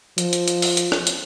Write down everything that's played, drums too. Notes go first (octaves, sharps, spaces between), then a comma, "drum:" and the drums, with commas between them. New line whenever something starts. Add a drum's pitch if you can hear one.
F3, drum: hi-hat
drum: hi-hat
drum: hi-hat
drum: open hi-hat
drum: hi-hat
drum: rim click
drum: hi-hat